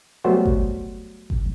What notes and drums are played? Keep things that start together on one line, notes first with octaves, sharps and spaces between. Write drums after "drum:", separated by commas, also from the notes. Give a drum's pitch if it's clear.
F#3 G3 A3 B3 F#4 C5
drum: kick G1
drum: kick G1